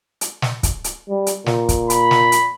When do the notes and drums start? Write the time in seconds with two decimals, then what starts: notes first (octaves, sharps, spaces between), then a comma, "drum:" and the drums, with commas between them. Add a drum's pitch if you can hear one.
0.21 drum: hi-hat
0.42 drum: snare
0.63 drum: kick, hi-hat
0.84 drum: hi-hat
1.09 G3
1.27 drum: hi-hat
1.46 A#2, drum: snare
1.69 drum: kick, hi-hat
1.90 B5, drum: hi-hat
2.11 drum: snare
2.32 drum: hi-hat